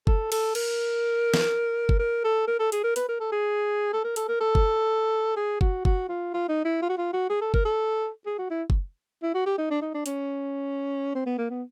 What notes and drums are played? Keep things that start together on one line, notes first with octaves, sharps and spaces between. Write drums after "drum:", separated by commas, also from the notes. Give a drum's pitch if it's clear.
A4, drum: kick
A4, drum: cymbal
A#4, drum: cymbal
drum: snare
drum: kick
A#4
A4
A#4
A4
G#4, drum: hi-hat
A#4
B4, drum: hi-hat
A#4
A4
G#4
A4
A#4
A4, drum: hi-hat
A#4
A4
drum: kick
G#4
F#4, drum: kick
F#4, drum: kick
F4
F4
D#4
E4
F4
F#4
F4
F#4
G#4
A4
A#4, drum: kick
A4
G#4
F#4
E4
drum: kick
E4
F#4
G4
D#4
D4
D#4
D4
C#4, drum: hi-hat
C4
B3
A#3
B3